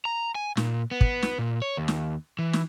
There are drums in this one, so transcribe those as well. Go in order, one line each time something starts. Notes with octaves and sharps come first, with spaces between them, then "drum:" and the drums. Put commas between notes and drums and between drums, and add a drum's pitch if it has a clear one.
A#5
G#5
A#2, drum: snare
B3
drum: kick
drum: snare
A#2
C#5
D#2
drum: snare
E3
drum: snare